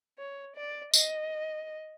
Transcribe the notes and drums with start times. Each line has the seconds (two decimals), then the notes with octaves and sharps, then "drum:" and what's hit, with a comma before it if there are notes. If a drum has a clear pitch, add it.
0.18 C#5
0.56 D5
0.94 D#5, drum: tambourine